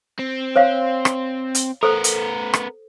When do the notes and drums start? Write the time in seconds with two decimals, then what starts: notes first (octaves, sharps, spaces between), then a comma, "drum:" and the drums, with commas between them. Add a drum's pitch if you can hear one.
0.19 C4
0.56 C5 C#5 F5
1.05 drum: rim click
1.55 drum: hi-hat
1.83 B3 A4 A#4 C5
2.04 drum: hi-hat
2.53 drum: rim click